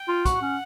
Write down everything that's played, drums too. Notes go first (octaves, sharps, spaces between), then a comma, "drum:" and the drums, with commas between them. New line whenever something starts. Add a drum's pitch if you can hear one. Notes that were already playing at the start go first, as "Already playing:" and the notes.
Already playing: G5
F4
F#4 F#5, drum: kick, hi-hat
C#4